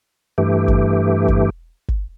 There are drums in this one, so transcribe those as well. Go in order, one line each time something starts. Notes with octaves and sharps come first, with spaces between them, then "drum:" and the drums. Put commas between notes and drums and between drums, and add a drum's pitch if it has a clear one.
G2 E3 A3 G4
drum: kick G1
drum: kick G1
drum: kick G1